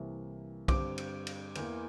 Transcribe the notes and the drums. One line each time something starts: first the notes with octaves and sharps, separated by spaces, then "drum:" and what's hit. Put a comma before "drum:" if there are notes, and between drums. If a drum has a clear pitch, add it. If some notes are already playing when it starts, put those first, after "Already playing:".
Already playing: C2 C3 E3 A#3
G2 D3 G3 C4 D6, drum: kick B1, cymbal
drum: cymbal
drum: cymbal
E2 E3 A#3, drum: cymbal